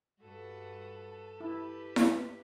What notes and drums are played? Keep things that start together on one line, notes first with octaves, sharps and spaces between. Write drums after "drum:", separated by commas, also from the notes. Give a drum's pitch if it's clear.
G2 F#4 A4 B4 A5
E4 G4 B4
drum: snare E4